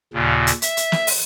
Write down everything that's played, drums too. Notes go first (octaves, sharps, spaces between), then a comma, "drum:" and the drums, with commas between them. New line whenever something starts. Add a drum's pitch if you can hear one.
D#2 A#2 C#3
drum: hi-hat
E5, drum: hi-hat
drum: hi-hat
drum: snare
drum: open hi-hat